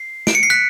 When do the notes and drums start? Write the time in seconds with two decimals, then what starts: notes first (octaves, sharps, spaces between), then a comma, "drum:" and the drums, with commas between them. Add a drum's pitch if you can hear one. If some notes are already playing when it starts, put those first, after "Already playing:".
Already playing: C7
0.27 D7, drum: snare
0.35 C#7
0.43 C7
0.50 F#6 B6